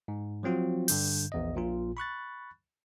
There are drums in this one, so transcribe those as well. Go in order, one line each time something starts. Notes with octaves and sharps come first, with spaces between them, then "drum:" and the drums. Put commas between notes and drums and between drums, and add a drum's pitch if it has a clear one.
G#2
F3 F#3 C4 F4 F#4
G2 D3 G6, drum: open hi-hat
A#1 E2 D#5
A#1 A#2 F4
B5 C#6 F#6 A6